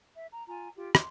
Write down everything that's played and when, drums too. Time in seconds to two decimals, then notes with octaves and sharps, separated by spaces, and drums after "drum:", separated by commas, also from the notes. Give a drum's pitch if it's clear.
0.16 E5
0.32 A#5
0.48 F4 G#5 A#5
0.76 F4 G4
0.95 C6, drum: rim click